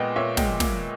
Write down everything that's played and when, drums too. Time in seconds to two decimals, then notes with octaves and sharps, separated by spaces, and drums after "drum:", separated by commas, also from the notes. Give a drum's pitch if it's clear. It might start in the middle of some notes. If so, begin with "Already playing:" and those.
Already playing: A#2 G#3 B3 D#5 G5
0.16 A#2 C#5 E5
0.37 G#3 D#5 G5, drum: snare
0.60 A#2, drum: snare